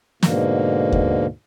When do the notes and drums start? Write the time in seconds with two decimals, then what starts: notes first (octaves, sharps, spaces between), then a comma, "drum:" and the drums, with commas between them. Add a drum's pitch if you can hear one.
0.23 G#2 B2 D3 A#3, drum: snare
0.92 drum: kick D#2